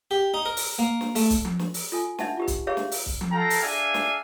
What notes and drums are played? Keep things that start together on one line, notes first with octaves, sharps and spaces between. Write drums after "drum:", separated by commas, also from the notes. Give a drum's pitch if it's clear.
G4
D#4
A#4
drum: open hi-hat
A#3
drum: snare
A3, drum: open hi-hat
drum: kick, hi-hat
drum: tom F3
drum: snare
drum: open hi-hat
F4 A4 G#5
D4 D#4 E5 F#5 A5, drum: snare
F4 G4 B4
drum: kick, hi-hat
G4 G#4 B4 C#5 E5 F5
drum: snare
drum: open hi-hat
drum: kick
drum: tom F3
F4 A4 G5 A5 A#5
drum: open hi-hat
D4 G#4 E5 F5 G#5
drum: snare